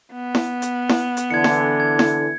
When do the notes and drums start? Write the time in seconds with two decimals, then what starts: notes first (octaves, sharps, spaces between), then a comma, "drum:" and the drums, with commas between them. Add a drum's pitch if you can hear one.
0.13 B3
0.35 drum: snare E4
0.62 drum: hi-hat
0.89 drum: snare E4
1.17 drum: hi-hat
1.31 D3 E3 G#6 C#7
1.44 drum: snare E4
1.80 G#6
1.99 drum: snare E4